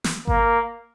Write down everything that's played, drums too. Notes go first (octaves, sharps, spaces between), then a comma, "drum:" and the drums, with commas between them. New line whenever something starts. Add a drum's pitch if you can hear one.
drum: snare
A#3, drum: kick G#1